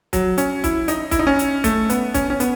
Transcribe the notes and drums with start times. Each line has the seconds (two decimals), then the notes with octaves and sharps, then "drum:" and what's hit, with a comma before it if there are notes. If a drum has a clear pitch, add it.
0.13 F#3, drum: kick, hi-hat
0.38 C#4, drum: hi-hat
0.64 E4, drum: kick, hi-hat
0.88 D#4, drum: hi-hat
1.11 E4, drum: kick, hi-hat
1.19 D#4
1.27 C#4
1.39 drum: hi-hat
1.64 A3, drum: kick, hi-hat
1.90 B3, drum: hi-hat
2.14 C#4, drum: kick, hi-hat
2.30 C#4
2.40 B3, drum: hi-hat